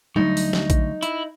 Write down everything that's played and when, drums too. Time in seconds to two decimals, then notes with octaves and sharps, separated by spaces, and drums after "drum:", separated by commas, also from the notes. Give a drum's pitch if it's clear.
0.16 D2 F#3 G3 D#4
0.37 drum: open hi-hat
0.53 drum: snare
0.70 drum: kick A#1, hi-hat
1.03 E4, drum: hi-hat